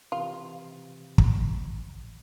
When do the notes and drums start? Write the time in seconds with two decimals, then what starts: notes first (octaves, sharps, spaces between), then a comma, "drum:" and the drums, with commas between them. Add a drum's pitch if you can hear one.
0.12 C3 E3 F4
1.18 drum: kick